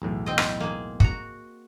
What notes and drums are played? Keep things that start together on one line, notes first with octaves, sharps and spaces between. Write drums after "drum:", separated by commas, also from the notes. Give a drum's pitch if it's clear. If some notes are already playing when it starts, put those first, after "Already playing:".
B1 E2 A2
C4 D#5
drum: rim click
A#3 G#4
F#4 A#5, drum: kick